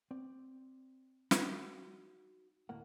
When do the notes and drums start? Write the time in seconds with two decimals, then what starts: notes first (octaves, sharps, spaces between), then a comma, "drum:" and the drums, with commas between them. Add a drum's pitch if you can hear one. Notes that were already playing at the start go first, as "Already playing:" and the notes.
0.11 C4 D5
1.31 D#4 F#4 F#5, drum: snare
2.69 D2 A2 A#3 F#5